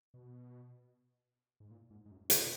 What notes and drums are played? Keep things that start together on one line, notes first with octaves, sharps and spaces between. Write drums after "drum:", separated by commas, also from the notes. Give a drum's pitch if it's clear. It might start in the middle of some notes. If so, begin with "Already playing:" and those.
B2
G#2
A#2
G#2
G#2
F#2
F3, drum: hi-hat